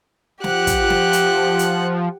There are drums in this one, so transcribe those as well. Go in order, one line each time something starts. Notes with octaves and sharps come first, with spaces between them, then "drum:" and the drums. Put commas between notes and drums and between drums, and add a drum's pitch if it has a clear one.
F3 G4 F#5 F#6, drum: snare
drum: kick, hi-hat
drum: snare
drum: hi-hat
drum: hi-hat